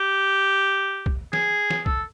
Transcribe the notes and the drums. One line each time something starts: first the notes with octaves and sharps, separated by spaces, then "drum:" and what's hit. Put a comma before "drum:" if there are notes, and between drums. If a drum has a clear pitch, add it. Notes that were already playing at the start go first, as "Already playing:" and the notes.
Already playing: G4
drum: kick B1
G#4, drum: snare
drum: snare
A4, drum: kick B1